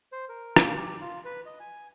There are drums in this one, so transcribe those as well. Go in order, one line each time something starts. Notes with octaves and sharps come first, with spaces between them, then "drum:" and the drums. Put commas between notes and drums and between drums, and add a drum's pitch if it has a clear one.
C5
A#4
A#3, drum: rim click
G4
F4
B4
D#5
G#5